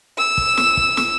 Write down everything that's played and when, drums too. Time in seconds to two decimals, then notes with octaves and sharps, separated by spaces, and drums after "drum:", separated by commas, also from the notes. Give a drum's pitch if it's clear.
0.18 E6
0.38 drum: kick
0.57 drum: snare
0.77 drum: kick
0.97 drum: snare